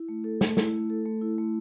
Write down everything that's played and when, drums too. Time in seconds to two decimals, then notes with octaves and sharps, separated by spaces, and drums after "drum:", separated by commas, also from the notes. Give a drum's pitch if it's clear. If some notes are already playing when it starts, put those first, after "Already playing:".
Already playing: E4
0.09 A3
0.24 A4
0.41 A3, drum: snare
0.57 E4, drum: snare
0.73 A3
0.90 A4
1.06 A3
1.21 E4
1.38 A3